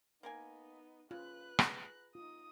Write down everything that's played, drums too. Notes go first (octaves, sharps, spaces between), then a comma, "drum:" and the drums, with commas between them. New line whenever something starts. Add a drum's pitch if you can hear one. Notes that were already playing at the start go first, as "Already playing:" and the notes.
A#3 B3 D#4 A#4 G#5
C#3 F4 B4 F#6
G#4 F#5 A#5, drum: rim click
D#4 F4 D#6